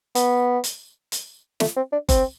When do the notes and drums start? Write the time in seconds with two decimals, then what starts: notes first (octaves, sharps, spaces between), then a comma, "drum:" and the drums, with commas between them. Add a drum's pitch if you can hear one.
0.15 B3, drum: hi-hat
0.64 drum: hi-hat
1.12 drum: hi-hat
1.60 A3, drum: snare
1.76 C4
1.92 D4
2.09 C4, drum: kick F#1, hi-hat